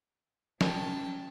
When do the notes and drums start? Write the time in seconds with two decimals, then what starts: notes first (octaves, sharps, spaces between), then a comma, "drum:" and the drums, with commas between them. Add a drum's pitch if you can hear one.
0.61 F#3 C#4 G5 A5, drum: snare